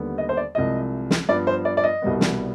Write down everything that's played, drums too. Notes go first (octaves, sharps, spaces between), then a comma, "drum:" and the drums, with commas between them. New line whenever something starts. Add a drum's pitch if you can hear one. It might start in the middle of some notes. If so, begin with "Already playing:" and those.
Already playing: D#2 D3 G3 B3
D#5
C5
D5
C2 C3 F3 G#3 D#5
drum: snare
G2 F3 B3 D5
C5
D5
D5
D#5
C2 B2 G3 B3
drum: snare